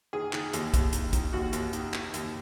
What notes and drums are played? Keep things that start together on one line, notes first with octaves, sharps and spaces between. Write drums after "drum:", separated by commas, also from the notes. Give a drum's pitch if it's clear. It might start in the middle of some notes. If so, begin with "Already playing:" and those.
D#3 G#4
D#3, drum: clap
D#2, drum: hi-hat
D#2, drum: kick, hi-hat
D#3, drum: hi-hat
D#3, drum: kick, hi-hat
D#2 F#4
D#2, drum: hi-hat
D#3, drum: hi-hat
D#3, drum: clap
D#2, drum: hi-hat